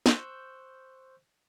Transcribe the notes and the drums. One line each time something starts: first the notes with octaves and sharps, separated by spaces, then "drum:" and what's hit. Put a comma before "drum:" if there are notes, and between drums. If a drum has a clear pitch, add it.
C5 C#6 E6 F#6 G6, drum: snare